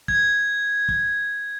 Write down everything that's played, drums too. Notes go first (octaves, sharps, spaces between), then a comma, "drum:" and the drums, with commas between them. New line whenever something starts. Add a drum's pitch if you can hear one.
G#6, drum: kick
drum: kick